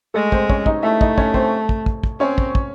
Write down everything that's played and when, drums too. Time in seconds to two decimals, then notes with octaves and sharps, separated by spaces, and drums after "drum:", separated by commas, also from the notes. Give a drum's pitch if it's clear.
0.14 G#3 A3 A4
0.32 C4 C5, drum: kick
0.50 C#4 C#5, drum: kick
0.66 D#4 D#5, drum: kick
0.83 A3 E4 E5
1.01 D#4 D#5, drum: kick
1.18 C#4 C#5, drum: kick
1.34 C4 C5, drum: kick
1.69 drum: kick
1.86 drum: kick
2.03 drum: kick
2.20 C4 C#4 C#5
2.38 drum: kick
2.55 drum: kick